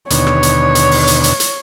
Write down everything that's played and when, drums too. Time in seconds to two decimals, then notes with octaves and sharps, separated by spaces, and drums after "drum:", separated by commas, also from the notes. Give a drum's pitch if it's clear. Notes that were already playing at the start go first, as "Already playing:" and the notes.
0.10 D#2 B2 D3 C#5, drum: hi-hat
0.27 drum: rim click
0.43 drum: hi-hat
0.75 drum: hi-hat
0.91 drum: open hi-hat
1.07 drum: hi-hat
1.24 drum: hi-hat
1.40 drum: hi-hat